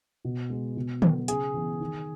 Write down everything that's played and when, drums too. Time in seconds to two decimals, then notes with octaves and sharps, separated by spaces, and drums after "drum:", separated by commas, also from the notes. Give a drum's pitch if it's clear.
0.25 B2
0.50 G#3 B3
0.77 B2
1.02 F#3 B3, drum: tom D3
1.28 C#3 G#4, drum: hi-hat
1.54 E3 B3
1.80 D#3